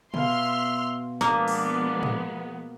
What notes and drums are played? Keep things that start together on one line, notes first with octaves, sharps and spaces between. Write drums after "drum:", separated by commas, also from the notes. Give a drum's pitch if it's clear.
B2 E5 F5 C6 F6, drum: tom
F3 G#3 A#3 B3 D4 D#6 F6, drum: snare
drum: open hi-hat
drum: tom